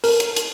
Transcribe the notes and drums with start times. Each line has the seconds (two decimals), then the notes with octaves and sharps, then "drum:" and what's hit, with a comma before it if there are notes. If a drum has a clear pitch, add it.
0.04 A#4, drum: open hi-hat
0.20 drum: hi-hat
0.36 drum: hi-hat